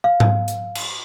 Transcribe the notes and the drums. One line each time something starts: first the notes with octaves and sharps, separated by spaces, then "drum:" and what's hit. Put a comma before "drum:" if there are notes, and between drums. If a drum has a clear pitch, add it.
F5
drum: tom G#2
drum: hi-hat
drum: cymbal